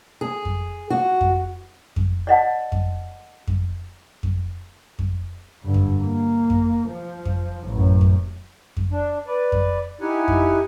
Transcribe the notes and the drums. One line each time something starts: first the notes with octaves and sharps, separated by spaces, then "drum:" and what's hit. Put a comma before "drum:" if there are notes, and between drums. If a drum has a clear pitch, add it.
G#4
drum: kick F2
F#4
drum: kick F2
drum: kick F2
D5 D#5 F#5 A5
drum: kick F2
drum: kick F2
drum: kick F2
drum: kick F2
G2 D3
drum: kick F2
A#3
drum: kick F2
F3
drum: kick F2
A1 F#2
drum: kick F2
drum: kick F2
D4
B4 D5
drum: kick F2
D#4 E4 G4 F#5 G#5
drum: kick F2